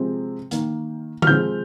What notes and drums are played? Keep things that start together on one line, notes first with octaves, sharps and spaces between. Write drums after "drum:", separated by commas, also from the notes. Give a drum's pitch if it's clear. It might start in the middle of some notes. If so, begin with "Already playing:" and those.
Already playing: C3 F3 G#3 C4
D#3 A#3, drum: hi-hat
F6, drum: tom D3
C3 F3 G#3 C4 G6